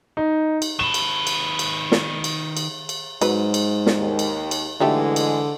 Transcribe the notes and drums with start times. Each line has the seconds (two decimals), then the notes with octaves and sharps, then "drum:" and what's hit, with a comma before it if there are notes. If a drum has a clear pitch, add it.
0.17 D#4
0.62 drum: cymbal
0.79 D#3 B4 E7
0.94 drum: cymbal
1.27 drum: cymbal
1.59 drum: cymbal
1.92 drum: snare
2.24 drum: cymbal
2.57 drum: cymbal
2.89 drum: cymbal
3.22 G#2 F#3 B4, drum: cymbal
3.54 drum: cymbal
3.86 drum: snare
3.98 D#2
4.19 drum: cymbal
4.51 drum: cymbal
4.80 G#2 D3 E3 F#3 G#3 A3 G4
5.16 drum: cymbal